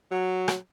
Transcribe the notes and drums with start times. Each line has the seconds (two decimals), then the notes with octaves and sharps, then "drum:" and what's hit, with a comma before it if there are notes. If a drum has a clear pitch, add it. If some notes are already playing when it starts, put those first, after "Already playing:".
0.12 F#3
0.48 drum: rim click